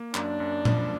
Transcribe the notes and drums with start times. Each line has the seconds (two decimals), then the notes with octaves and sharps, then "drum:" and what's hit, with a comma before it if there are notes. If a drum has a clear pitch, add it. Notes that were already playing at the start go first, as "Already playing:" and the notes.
Already playing: A#3
0.15 F#2 D4, drum: clap
0.40 F#2
0.65 F3, drum: tom A#2